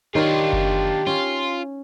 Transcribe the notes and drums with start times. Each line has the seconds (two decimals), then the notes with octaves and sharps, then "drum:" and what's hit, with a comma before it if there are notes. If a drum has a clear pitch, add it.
0.15 D#3 D4 F4 G4 A#4 C#5
0.53 drum: kick F#1
1.07 C#4 F4